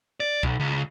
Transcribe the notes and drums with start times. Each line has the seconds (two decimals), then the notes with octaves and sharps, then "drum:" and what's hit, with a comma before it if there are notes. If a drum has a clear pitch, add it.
0.20 D5
0.43 B1, drum: kick C2
0.60 C#2